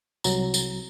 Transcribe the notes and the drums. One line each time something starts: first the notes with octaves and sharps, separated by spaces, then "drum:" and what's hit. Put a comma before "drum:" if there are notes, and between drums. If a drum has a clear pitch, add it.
C2 F#3 A#5, drum: tambourine
drum: tambourine